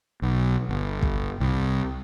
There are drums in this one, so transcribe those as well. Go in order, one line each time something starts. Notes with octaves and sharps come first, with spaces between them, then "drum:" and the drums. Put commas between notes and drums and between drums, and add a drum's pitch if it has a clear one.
B1
G1
drum: kick
C2